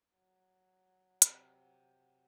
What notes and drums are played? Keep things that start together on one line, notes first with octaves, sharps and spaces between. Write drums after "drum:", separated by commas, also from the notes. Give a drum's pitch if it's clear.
F#3
C3, drum: hi-hat